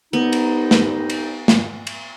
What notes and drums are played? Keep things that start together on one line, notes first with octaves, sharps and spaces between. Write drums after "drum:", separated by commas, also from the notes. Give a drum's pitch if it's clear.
C2 B3 D#4
drum: cymbal
drum: snare
drum: cymbal
drum: snare
drum: cymbal